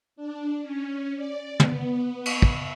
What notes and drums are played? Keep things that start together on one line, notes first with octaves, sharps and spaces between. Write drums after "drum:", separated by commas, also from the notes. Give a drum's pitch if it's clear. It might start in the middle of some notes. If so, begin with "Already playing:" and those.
D4
C#4
D5
B3, drum: tom
drum: cymbal
E5, drum: kick